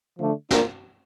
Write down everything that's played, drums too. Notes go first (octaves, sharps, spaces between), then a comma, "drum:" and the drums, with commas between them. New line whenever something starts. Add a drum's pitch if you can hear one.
D3 F3 A3 D4
A#3 D4 F4 A#4, drum: snare